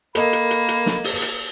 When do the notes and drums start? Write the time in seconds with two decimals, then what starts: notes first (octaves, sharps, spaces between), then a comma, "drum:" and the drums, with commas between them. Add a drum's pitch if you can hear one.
0.15 A#3 A4 A#4 D#5 B5, drum: hi-hat
0.33 drum: hi-hat
0.51 drum: hi-hat
0.68 drum: hi-hat
0.86 drum: snare
1.04 drum: open hi-hat
1.22 drum: hi-hat